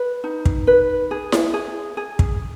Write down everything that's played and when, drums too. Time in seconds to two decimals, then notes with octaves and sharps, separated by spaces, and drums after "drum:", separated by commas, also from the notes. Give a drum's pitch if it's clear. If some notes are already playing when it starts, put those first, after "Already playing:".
Already playing: B4
0.24 D#4
0.46 drum: kick
0.67 B4
1.11 G#4
1.32 drum: snare E4
1.54 G#4
1.97 G#4
2.19 drum: kick